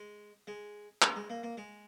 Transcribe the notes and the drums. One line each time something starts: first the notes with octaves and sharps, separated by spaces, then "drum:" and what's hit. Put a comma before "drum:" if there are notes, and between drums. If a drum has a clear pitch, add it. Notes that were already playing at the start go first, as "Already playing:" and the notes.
Already playing: G#3
G#3
G#3, drum: clap
G#3
A#3
A#3
G#3